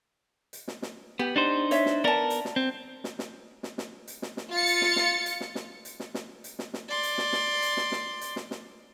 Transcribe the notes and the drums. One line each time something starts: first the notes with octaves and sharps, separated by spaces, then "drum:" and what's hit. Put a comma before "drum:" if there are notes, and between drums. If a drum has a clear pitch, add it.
drum: hi-hat
drum: snare
drum: snare
B3 G4
D4 D#4 C5
C#5 E5, drum: hi-hat
drum: snare
B3 A#4 D5 A5
drum: hi-hat
drum: snare
C4
drum: snare
drum: snare
drum: snare
drum: snare
drum: hi-hat
drum: snare
drum: snare
F4 A6 C#7
drum: hi-hat
drum: snare
drum: snare
drum: hi-hat
drum: snare
drum: snare
drum: hi-hat
drum: snare
drum: snare
drum: hi-hat
drum: snare
drum: snare
D5 C6
drum: hi-hat
drum: snare
drum: snare
drum: hi-hat
drum: snare
drum: snare
drum: hi-hat
drum: snare
drum: snare